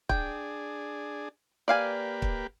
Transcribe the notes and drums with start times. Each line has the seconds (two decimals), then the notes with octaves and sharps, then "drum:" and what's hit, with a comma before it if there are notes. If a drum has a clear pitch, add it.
0.09 D4 G#4 G5, drum: kick
1.68 A#3 G4 B4 D5 F5 G#5
2.22 drum: kick